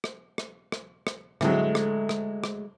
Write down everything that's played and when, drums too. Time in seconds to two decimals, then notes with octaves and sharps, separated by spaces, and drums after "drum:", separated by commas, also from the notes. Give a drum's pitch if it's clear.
0.04 drum: rim click
0.38 drum: rim click
0.72 drum: rim click
1.07 drum: rim click
1.41 D2 A2 F#3 G#3 A3, drum: rim click
1.75 drum: rim click
2.09 drum: rim click
2.44 drum: rim click